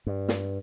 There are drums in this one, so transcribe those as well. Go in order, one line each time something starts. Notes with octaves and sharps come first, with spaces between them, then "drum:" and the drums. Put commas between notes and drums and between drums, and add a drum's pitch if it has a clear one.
G2
drum: snare